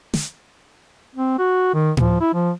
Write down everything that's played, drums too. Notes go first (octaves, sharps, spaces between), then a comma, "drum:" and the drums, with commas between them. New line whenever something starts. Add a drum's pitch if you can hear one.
drum: snare
C4
F#4
D#3
F3, drum: tom A2
E4
F3